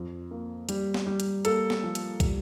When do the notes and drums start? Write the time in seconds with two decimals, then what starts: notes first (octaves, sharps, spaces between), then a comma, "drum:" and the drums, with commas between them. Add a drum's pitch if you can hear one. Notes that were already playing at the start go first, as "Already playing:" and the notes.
Already playing: F2
0.31 A#3
0.69 G3, drum: hi-hat
0.94 drum: snare
1.06 G3
1.20 drum: hi-hat
1.45 A#3 A4, drum: hi-hat
1.70 drum: snare
1.83 F3
1.95 drum: hi-hat
2.20 G3, drum: kick, hi-hat